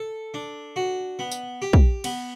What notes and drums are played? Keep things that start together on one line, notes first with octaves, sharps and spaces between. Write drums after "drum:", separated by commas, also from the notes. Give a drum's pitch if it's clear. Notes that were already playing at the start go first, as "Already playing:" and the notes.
Already playing: A4
D4
F#4
B3
drum: tambourine
G4
drum: kick
B3, drum: cymbal